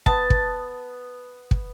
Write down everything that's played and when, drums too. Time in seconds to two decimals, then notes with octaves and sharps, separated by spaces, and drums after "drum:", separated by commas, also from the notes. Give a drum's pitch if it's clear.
0.06 B3 A5, drum: kick
0.30 drum: kick
1.51 drum: kick